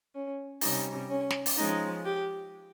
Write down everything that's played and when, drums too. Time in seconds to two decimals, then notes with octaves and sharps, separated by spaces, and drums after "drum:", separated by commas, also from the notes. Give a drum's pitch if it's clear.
0.14 C#4
0.61 C3 G3 C#4 D#4, drum: open hi-hat
1.09 C#4
1.30 drum: snare
1.46 drum: open hi-hat
1.57 F3 G#3 C#4 D#4
2.04 G4